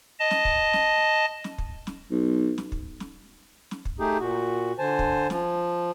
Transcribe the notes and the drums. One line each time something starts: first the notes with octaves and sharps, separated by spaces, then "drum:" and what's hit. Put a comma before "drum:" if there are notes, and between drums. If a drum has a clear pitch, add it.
D#5 A5
drum: snare
drum: kick
drum: snare
drum: snare
drum: kick
drum: snare
B1
drum: snare
drum: kick
drum: snare
drum: snare
drum: kick
A3 D#4 G4 G#4
A#2 F#4
D3 C5 G#5 A5
drum: kick
F3, drum: snare